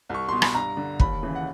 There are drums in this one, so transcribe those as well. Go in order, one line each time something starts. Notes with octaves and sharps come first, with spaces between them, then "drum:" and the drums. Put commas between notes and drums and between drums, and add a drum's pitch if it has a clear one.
C2 C#6
B2 C6
B5, drum: rim click
G2 A#5
D3
D#2 B5, drum: kick
C#3 E3
F#5